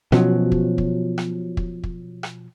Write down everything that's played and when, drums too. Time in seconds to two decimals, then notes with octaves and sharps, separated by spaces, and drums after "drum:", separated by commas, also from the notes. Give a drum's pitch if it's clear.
0.12 B2 F3 F#3 C#4, drum: rim click
0.52 drum: kick
0.78 drum: kick
1.18 drum: rim click
1.57 drum: kick
1.84 drum: kick
2.23 drum: rim click